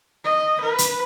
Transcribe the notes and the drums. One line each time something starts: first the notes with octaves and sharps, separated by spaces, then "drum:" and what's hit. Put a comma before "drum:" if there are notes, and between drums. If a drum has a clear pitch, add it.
D#5
B4
drum: hi-hat